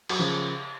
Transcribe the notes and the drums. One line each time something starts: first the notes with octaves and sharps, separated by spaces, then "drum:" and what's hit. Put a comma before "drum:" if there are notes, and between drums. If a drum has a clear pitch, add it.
F#3, drum: cymbal
C#3 F3